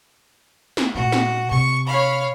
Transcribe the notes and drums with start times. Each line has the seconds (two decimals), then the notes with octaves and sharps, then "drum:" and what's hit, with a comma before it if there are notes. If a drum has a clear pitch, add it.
0.77 drum: snare
0.95 A#2 A3 F#4
1.12 drum: snare
1.51 C3 C#6
1.87 C#5 F5 B5